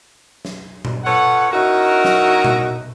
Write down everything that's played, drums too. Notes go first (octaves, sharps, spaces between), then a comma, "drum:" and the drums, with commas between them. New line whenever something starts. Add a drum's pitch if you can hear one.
drum: snare
drum: tom A#2
F4 A4 B4 C#5 F#5
C#4 D#4 E4 F#4 A#4
drum: snare
drum: tom A#2